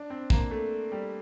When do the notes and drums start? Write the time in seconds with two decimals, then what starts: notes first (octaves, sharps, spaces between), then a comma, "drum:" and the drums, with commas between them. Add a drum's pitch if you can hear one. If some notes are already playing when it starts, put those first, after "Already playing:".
Already playing: D4
0.10 C4
0.30 A#3, drum: kick
0.51 A3
0.92 G3